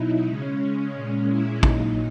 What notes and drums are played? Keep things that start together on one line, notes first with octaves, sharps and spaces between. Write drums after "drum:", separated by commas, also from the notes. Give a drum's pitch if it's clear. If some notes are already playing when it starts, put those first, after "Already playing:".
Already playing: B2 F#3 D#4 E4
C#3 G#3 C#4
A#2 G#3 C#4
E4
A#2 F#3 D#4, drum: kick